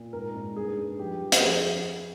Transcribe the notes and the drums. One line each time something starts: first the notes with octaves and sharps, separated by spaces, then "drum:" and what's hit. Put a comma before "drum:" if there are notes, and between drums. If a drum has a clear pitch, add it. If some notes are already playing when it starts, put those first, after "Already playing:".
Already playing: A#2
G#2 A#4
G#2
G2 G#4
G2
F2 G4
F2
drum: hi-hat
F2 G#4